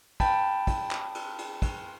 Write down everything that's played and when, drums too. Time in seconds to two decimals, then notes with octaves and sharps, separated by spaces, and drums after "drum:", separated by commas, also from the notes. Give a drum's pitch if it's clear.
0.20 G5 A5 B5, drum: kick, cymbal
0.67 drum: kick, cymbal
0.91 drum: clap
1.15 drum: cymbal
1.38 drum: cymbal
1.62 drum: kick, cymbal